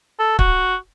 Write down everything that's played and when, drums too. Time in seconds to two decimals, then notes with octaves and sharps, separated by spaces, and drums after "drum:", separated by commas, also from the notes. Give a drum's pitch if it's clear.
0.19 A4
0.39 F#4, drum: kick